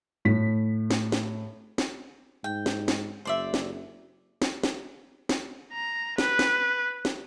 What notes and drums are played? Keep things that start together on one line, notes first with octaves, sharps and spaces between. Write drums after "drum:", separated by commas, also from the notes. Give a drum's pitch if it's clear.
A2 B6
drum: snare
drum: snare
drum: snare
G#2 G5
drum: snare
drum: snare
F#1 C5 D5 E5
drum: snare
drum: snare
drum: snare
drum: snare
A#5
B4, drum: snare
drum: snare
drum: snare